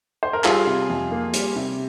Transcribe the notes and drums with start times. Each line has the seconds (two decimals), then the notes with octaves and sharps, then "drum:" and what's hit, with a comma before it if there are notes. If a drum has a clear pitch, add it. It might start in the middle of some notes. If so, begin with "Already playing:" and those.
0.23 C5
0.33 A#4
0.44 G3 F4 G#4, drum: clap
0.67 C3
0.90 F2
1.11 A#3
1.33 G3, drum: hi-hat
1.56 C3